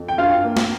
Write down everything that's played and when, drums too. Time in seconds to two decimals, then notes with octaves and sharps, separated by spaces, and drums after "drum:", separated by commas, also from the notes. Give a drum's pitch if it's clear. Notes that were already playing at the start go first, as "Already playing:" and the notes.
Already playing: F2
0.08 G5
0.18 G2 F4 F5
0.44 A#3
0.57 drum: snare